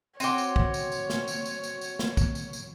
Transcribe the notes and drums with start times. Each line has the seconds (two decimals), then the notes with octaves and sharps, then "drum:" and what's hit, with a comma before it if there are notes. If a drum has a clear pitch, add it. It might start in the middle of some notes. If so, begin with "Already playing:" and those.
0.20 C4 F#4 C#5 G5 D6 D#7, drum: tambourine
0.38 drum: tambourine
0.56 drum: kick
0.74 drum: tambourine
0.92 drum: tambourine
1.10 drum: snare
1.28 drum: tambourine
1.46 drum: tambourine
1.63 drum: tambourine
1.81 drum: tambourine
1.99 drum: snare
2.17 drum: kick, tambourine
2.35 drum: tambourine
2.53 drum: tambourine